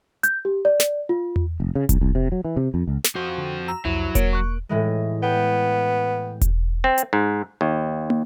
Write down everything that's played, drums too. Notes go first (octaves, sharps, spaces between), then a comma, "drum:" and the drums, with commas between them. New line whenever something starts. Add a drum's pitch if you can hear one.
G6, drum: hi-hat
G4
D5
drum: snare
F4
drum: tom E2
F1
C#3
C2, drum: kick E1, hi-hat
C2
C3
F#3
E3
C3
F2
C#2
drum: snare
F2 F#4 C5
D3
A#5 E6
C2 F2 F#3 E4
A#3 C#5 D7, drum: kick E1, hi-hat
C#6 F#6
A2 E3 G#3
B3 G5
drum: kick E1, hi-hat
C4
drum: hi-hat
G#2
D#2
drum: tom